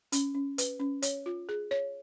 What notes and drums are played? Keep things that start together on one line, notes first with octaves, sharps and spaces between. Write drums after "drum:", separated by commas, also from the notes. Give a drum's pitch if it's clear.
C#4, drum: hi-hat
C#4
B4, drum: hi-hat
C#4
C#5, drum: hi-hat
F4
G#4
C#5